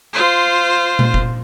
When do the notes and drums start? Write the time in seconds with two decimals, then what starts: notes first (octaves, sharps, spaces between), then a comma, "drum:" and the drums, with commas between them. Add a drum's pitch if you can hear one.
0.13 F4 C5
0.99 drum: tom A#2
1.14 drum: kick F1